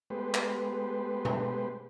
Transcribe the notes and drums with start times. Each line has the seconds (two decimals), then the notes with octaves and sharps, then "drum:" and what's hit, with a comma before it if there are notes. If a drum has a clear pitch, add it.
0.10 G#3 A3 B3 G4 B4 C5
0.34 drum: clap
1.25 drum: tom B2